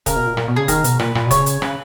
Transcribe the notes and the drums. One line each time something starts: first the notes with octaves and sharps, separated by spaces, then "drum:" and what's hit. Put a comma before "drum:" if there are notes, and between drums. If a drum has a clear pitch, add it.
C#3 A#4, drum: kick, hi-hat
B2
A#2
A#2, drum: rim click
B2
C#3 G#4
D#3 A#4, drum: kick, hi-hat
B2, drum: hi-hat
A#2 B4, drum: rim click
A#2, drum: rim click
B2
C#3 C#5, drum: kick, hi-hat
drum: hi-hat
C#3 B4, drum: rim click